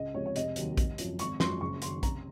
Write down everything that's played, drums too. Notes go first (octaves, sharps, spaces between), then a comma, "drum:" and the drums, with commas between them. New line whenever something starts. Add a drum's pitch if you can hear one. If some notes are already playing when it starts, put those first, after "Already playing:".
Already playing: C#2 D#5
C3 F3 G#3 C#5
C#5
F1 D#5, drum: hi-hat
D#2 D#3 F#3, drum: hi-hat
G#1, drum: kick A#1, hi-hat
F#2 F3, drum: hi-hat
G#1 C#6, drum: hi-hat
F#2 F3 G#3 C6, drum: snare
F#1 C#6
F#2 D#3 C6, drum: hi-hat
F1 A#5, drum: kick A#1, hi-hat